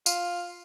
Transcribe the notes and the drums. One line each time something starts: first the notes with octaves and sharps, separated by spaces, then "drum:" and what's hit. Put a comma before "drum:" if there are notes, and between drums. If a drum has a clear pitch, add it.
F4, drum: tambourine